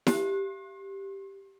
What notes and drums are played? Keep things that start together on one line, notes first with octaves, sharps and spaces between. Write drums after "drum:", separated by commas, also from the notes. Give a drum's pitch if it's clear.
G4, drum: snare E4